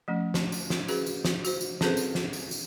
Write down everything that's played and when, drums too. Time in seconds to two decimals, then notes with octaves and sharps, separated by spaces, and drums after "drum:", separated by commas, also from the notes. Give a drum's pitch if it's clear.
0.08 F3 A3 C#4
0.34 drum: snare
0.52 drum: tambourine
0.70 drum: snare
0.88 C#4 F#4 G#4 B4, drum: tambourine
1.06 drum: tambourine
1.25 drum: snare
1.45 F#4 C5, drum: tambourine
1.61 drum: tambourine
1.81 C4 C#4 G#4 A4 B4 C5, drum: snare
1.97 drum: tambourine
2.15 drum: snare
2.33 drum: tambourine
2.51 drum: tambourine